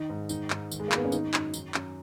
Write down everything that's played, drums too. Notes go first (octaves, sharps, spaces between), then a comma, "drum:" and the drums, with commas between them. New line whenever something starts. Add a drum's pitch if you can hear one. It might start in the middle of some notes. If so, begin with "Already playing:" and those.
Already playing: D#3 D#4
G#2
D#3 D#4, drum: tambourine
G#2, drum: clap
D#3, drum: tambourine
G#3
A#3
G#2 B3, drum: clap
C#4
D#3 D#4, drum: tambourine
F#2, drum: clap
D#3, drum: tambourine
F#2, drum: clap